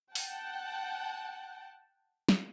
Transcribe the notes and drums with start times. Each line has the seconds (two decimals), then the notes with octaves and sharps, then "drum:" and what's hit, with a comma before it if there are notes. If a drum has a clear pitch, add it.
0.15 F#5 G5 A5, drum: open hi-hat
2.29 drum: snare